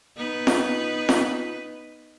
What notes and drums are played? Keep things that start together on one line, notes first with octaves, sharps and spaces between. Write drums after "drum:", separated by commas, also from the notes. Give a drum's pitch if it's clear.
B3 D#4 B4
drum: snare F4
drum: snare F4